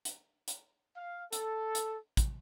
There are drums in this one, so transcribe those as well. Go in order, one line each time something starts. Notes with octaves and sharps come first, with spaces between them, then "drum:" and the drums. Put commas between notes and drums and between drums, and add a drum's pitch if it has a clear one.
drum: hi-hat
drum: hi-hat
F5
A4, drum: hi-hat
drum: hi-hat
drum: kick, hi-hat